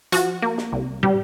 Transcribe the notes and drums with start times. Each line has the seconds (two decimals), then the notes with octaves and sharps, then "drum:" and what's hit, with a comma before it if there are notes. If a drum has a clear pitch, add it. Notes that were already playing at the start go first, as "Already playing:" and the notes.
0.12 F3 F#4, drum: hi-hat
0.42 A#3
0.58 drum: snare
0.73 C2
1.03 G3 G4, drum: tom